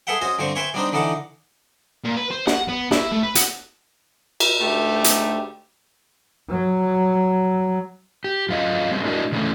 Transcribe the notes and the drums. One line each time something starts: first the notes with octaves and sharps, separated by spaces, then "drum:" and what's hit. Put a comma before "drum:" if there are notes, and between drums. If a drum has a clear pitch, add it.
G#4 A4 B4 E5 F#5 G5
C#4 F#4 C5 D#5
G2 D3 C4 C5 C#6
B4 C5 E5 G5 G#5 C#6
G3 B3 C4 D4 D#4 C5
D3 E3 D#4 A4 F#5 D6
A#2
B4
C5
F#5, drum: snare
B3
E4, drum: snare
A3
B4
F#4, drum: hi-hat
drum: cymbal
D2 G#2 A3 G4
drum: hi-hat
F#3
G4
F#2 F4 D#5
G3 G#3 C4
G#3 D4 E4 F#4 A#4 D#5
C#3 E3 G#3 A3 C#4 A4